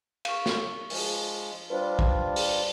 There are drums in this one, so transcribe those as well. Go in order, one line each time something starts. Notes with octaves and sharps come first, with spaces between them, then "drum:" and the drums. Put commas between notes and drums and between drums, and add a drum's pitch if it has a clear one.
F5 C#6, drum: cymbal
drum: snare
F3 G#3, drum: open hi-hat
G3 D4 F4 B4 C5
drum: kick
drum: open hi-hat